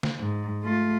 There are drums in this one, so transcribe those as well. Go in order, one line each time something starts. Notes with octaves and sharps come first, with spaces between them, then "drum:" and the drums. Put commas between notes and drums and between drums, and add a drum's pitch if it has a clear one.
drum: snare
G#2
A3 F4